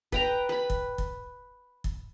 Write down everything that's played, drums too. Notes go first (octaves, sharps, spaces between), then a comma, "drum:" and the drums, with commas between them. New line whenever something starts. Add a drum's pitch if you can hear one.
B4 G5 A#5, drum: kick
B4 B5
drum: kick
drum: kick
drum: kick